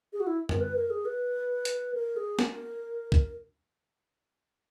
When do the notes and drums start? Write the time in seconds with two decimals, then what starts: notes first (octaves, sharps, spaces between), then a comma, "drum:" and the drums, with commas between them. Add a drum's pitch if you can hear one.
0.13 G#4
0.20 F#4
0.27 E4
0.49 A#4, drum: tom F#2
0.61 B4
0.76 A#4
0.90 G#4
1.05 B4
1.65 drum: hi-hat
1.94 A#4
2.16 G#4
2.39 A#4, drum: snare
3.12 drum: kick